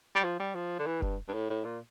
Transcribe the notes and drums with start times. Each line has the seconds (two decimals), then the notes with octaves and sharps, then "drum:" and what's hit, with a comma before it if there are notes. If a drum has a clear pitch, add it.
0.15 G3
0.24 F3
0.39 G3
0.55 F3
0.79 D3
0.86 E3
1.02 G2, drum: kick F1
1.28 G2
1.33 A2
1.50 A2
1.64 A#2